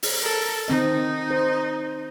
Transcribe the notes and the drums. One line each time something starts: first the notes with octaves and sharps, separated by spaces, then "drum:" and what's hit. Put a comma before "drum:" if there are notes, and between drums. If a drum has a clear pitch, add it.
drum: open hi-hat
A4 A#4
D#3 C4 D#4 D#5
C5